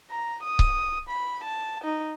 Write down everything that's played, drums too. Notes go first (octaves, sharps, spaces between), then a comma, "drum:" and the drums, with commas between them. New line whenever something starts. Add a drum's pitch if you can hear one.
A#5
D#6
drum: kick C#1
B5
A5
D#4